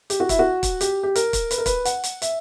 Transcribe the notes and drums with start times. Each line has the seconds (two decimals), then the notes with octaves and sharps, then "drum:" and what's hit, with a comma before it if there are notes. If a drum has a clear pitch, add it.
0.10 G4, drum: hi-hat
0.20 F#4
0.29 E4, drum: kick, hi-hat
0.39 F#4
0.63 drum: kick, hi-hat
0.81 G4, drum: hi-hat
1.03 G4
1.15 A#4, drum: hi-hat
1.33 drum: kick, hi-hat
1.51 B4, drum: hi-hat
1.58 A#4
1.66 B4, drum: kick, hi-hat
1.85 F#5, drum: hi-hat
2.04 drum: hi-hat
2.22 E5, drum: hi-hat